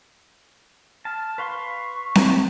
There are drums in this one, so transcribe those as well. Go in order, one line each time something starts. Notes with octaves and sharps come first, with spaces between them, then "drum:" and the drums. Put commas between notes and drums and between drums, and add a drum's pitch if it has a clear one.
A5 F6
B4 F5 C6 C#6
drum: snare C4